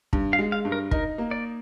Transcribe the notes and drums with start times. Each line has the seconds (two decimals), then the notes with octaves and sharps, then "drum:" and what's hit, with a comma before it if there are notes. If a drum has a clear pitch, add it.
0.13 G2, drum: kick
0.33 F5
0.39 G#3
0.52 F5
0.65 G2
0.72 A#4
0.91 D#4 A#4, drum: kick
1.18 A#3
1.31 D5